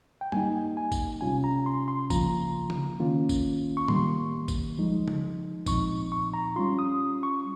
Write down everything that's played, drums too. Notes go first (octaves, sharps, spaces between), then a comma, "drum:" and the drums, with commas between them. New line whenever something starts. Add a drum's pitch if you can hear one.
G5
G3 A#3 D#4 G#5, drum: tom G2
G#5
drum: kick G#1, tambourine
C3 G3 C#4 F4 G#5
A#5
C6
C6
C#3 F3 A#3 F4 A#5, drum: kick G#1, tambourine
drum: tom
D#3 A#3 C#4 F4
drum: kick G#1, tambourine
C#6
D#3 G3 A#3 C6, drum: tom A2
drum: kick G#1, tambourine
F3 G#3 D#4
drum: tom
A#2 F3 C4 D#4 C#6, drum: kick G#1, tambourine
C#6
A#5
G3 C#4 F4 C6
D#6
C#6